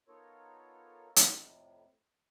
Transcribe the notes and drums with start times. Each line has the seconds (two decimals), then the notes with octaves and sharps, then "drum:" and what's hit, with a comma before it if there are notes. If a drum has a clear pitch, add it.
0.08 B3 D#4 F4 A4 A#4 C#5
1.16 F2 A2 C3, drum: hi-hat